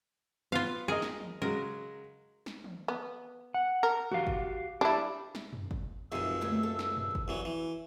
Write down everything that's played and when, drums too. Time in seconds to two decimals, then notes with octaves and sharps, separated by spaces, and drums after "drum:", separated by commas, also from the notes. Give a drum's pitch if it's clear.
0.52 B3 F4 F5
0.88 G#4 A#4 D#5
1.02 drum: snare
1.20 drum: tom
1.42 C#3 F#3 G#3 A#4
2.46 drum: snare
2.64 drum: tom
2.88 B3
3.54 F#5
3.83 A#4
4.12 F#4 G4 F5, drum: tom
4.27 drum: kick
4.81 D4 E4 G4 D5
5.35 drum: snare
5.53 drum: tom
5.71 drum: kick
6.12 C#2 F#2 C3 F3 D#4 E6
6.41 D2 A3 A#3
6.63 A4
6.79 drum: snare
6.97 drum: tom
7.15 drum: kick
7.28 C2 E3 F#3
7.45 E3